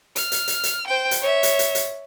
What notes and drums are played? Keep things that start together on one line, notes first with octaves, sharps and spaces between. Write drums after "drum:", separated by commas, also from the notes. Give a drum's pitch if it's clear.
F6, drum: hi-hat
drum: hi-hat
drum: hi-hat
drum: hi-hat
C5 G5
drum: hi-hat
C#5 E5
drum: hi-hat
drum: hi-hat
drum: hi-hat